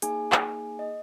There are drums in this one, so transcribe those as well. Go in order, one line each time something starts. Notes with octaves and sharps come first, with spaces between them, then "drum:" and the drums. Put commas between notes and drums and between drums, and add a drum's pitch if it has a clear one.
A#3 D#4 G#4 G#5, drum: hi-hat
drum: clap
D#5